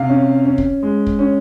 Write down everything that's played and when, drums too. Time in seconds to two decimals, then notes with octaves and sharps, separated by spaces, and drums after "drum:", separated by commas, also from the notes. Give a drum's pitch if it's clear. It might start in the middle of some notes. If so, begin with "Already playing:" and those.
Already playing: C3 F5
0.09 C#4
0.45 C#4
0.58 drum: kick
0.83 G#3
1.07 drum: kick
1.19 C#4